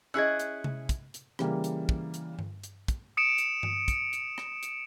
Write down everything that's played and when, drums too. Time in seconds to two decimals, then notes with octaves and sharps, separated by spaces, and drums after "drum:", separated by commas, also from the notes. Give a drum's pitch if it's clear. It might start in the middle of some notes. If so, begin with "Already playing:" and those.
0.14 C#4 E4 G#4 D#5 E6 F#6 G#6
0.39 drum: hi-hat
0.64 drum: tom C3
0.89 drum: kick, hi-hat
1.14 drum: hi-hat
1.39 C#3 E3 G3 A#3, drum: rim click
1.64 drum: hi-hat
1.89 drum: kick
2.14 drum: hi-hat
2.39 drum: tom G2
2.64 drum: hi-hat
2.88 drum: kick, hi-hat
3.17 D#6 C#7 D7 E7
3.38 drum: hi-hat
3.63 drum: tom G2
3.88 drum: kick, hi-hat
4.13 drum: hi-hat
4.38 drum: rim click
4.63 drum: hi-hat